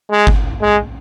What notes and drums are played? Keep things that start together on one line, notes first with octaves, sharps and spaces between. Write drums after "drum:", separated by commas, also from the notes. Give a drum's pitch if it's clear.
G#3
drum: kick G1
G#3